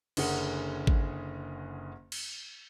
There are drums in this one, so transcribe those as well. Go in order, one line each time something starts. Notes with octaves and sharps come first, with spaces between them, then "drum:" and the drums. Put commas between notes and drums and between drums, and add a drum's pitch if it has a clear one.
F#1 D3 C#4 G#4 A#4 F#5, drum: cymbal
drum: kick G#1
drum: cymbal